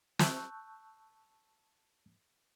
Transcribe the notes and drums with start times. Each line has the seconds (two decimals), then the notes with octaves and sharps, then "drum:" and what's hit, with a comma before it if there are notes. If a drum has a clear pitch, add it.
0.19 A5 C#6 E6 F#6 G6, drum: snare